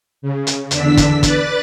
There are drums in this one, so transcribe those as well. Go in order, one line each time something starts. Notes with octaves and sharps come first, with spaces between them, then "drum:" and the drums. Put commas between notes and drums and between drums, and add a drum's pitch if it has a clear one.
C#3
drum: hi-hat
E2 D3 D4 E6 B6, drum: hi-hat
drum: kick, hi-hat
B4 D5 B5 F#6 A6, drum: kick, hi-hat